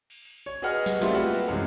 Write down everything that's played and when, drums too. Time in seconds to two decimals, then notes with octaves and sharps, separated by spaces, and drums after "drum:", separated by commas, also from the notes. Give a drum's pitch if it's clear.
0.10 drum: cymbal
0.25 drum: cymbal
0.46 C#5
0.62 F#4 G#4 B4 D#5 F#5 F6
0.86 drum: snare
1.01 G3 A3 A#3 C4 E4 F4, drum: snare
1.14 F#4 G4 B4 F#5
1.32 drum: cymbal
1.48 F#2 C3 E3 F#3 G#3, drum: cymbal